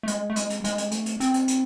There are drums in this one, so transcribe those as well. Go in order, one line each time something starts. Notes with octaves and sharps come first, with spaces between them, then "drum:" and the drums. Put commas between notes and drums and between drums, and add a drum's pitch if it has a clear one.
A3
G#3, drum: hi-hat
A3
G#3, drum: hi-hat
drum: hi-hat
G#3, drum: hi-hat
drum: hi-hat
A3, drum: hi-hat
drum: hi-hat
C4, drum: hi-hat
drum: hi-hat
drum: hi-hat